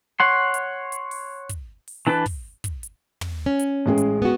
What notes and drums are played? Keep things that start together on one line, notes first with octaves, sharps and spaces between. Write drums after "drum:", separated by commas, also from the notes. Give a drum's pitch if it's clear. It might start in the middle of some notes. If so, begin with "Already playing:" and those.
C#5 F#5 C6
drum: hi-hat
drum: hi-hat
drum: open hi-hat
drum: kick, hi-hat
drum: open hi-hat
E3 D4 A4 B4
drum: kick, open hi-hat
drum: kick, hi-hat
drum: hi-hat
drum: tom
C#4
drum: hi-hat
A1 G#3 G#4
drum: hi-hat
B3 F#4